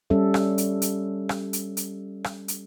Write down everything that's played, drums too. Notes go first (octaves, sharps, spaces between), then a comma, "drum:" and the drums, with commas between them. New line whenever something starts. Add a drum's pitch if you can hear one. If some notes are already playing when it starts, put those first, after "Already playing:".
G3 C#4 A4 E5
drum: rim click
drum: hi-hat
drum: hi-hat
drum: rim click
drum: hi-hat
drum: hi-hat
drum: rim click
drum: hi-hat